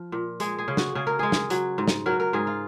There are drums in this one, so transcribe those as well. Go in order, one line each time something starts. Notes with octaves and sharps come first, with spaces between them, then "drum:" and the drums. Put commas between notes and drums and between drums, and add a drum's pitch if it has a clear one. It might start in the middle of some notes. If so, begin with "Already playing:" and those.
Already playing: F3
A#2
G#3 G#4, drum: hi-hat
G#4
C#3
F#4, drum: snare
C#3 G#4
A#4
G#3 G#4
drum: snare
F#3, drum: hi-hat
G#2
drum: snare
F#3 A#4
A#4
G#2 G#4
F4